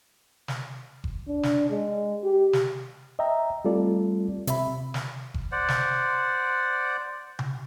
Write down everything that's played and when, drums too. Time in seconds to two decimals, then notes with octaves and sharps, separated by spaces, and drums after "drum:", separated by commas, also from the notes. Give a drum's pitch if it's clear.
0.48 drum: snare
1.04 drum: kick F#1
1.28 D4
1.43 drum: snare
1.70 G#3
2.24 G4
2.53 drum: snare
3.19 D#5 E5 G5 A#5
3.65 G3 A3 C4 F4 A4 D5
4.47 C3 E5 B5, drum: hi-hat
4.94 drum: snare
5.34 drum: kick F#1
5.52 C5 D5 F#5
5.68 drum: snare
7.39 drum: tom C3